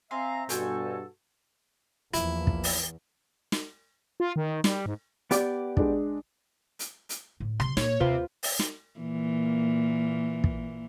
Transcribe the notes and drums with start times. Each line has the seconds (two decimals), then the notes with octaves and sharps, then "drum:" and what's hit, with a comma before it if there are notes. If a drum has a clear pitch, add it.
0.11 C4 E5 F5 G#5 A#5 C6
0.49 G2 B2 F#4 A4 C5 C#5 G#5, drum: hi-hat
2.14 E2 F3 A#3 E4, drum: hi-hat
2.47 drum: kick
2.64 drum: open hi-hat
3.52 drum: snare
4.20 F4
4.36 D#3
4.64 G3, drum: snare
4.86 G#2
5.31 B3 G4 D5, drum: hi-hat
5.77 G#3 D4, drum: kick
6.79 drum: hi-hat
7.09 drum: hi-hat
7.40 A2
7.60 C3 F#3 C6, drum: rim click
7.77 A#2 C#5, drum: snare
8.00 D#2 C3 F4 B4 C5
8.43 drum: open hi-hat
8.59 drum: snare
9.00 A#2 E3 A#3
10.44 drum: kick